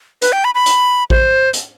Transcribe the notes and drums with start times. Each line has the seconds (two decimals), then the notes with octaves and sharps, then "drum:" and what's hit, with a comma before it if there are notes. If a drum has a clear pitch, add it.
0.22 B4, drum: hi-hat
0.33 G5
0.44 B5
0.55 B5
0.66 drum: hi-hat
1.10 C5, drum: kick A1
1.53 drum: hi-hat